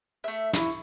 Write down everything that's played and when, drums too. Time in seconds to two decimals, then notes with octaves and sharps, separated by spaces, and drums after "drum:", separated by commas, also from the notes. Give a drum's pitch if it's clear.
0.24 A3 E5
0.53 E4 C#6, drum: snare